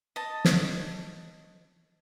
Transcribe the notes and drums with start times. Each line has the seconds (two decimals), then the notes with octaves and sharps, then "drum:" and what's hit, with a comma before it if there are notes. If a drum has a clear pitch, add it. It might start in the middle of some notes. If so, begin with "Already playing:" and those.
0.16 D#5 A5
0.45 drum: snare